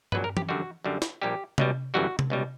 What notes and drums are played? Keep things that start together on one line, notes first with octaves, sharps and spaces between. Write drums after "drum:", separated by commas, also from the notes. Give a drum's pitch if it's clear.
A#1 A#2 F#3 B4, drum: tom G2
A#4
G4, drum: tom E3
F#2 D3 G3 F#4
F#2 D3 G3
drum: snare
A#1 A#2 G3 G4
C#2 B2 G3, drum: tom C3
G1 F#2 E3 G3 F#4
drum: tom C3
C#2 B2 G3